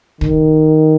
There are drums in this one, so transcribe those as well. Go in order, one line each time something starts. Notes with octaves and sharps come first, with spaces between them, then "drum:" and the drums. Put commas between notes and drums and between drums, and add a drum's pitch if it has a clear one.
D#3, drum: kick